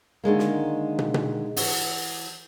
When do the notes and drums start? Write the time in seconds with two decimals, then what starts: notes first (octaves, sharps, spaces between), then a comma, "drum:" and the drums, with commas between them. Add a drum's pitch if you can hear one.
0.24 D3 D#3 G#3 A#3
0.39 drum: snare
0.99 drum: tom
1.14 drum: tom
1.57 E3 F#4, drum: open hi-hat